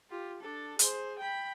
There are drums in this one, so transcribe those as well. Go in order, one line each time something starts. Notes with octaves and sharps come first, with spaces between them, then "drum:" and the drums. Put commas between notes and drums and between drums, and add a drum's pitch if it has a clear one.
F4 G4
D4 A4
G#4 C5, drum: hi-hat
G5 B5